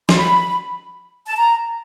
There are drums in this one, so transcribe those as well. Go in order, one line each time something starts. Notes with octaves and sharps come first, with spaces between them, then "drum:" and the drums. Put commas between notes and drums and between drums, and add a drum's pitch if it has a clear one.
C6, drum: snare
B5
A5
A#5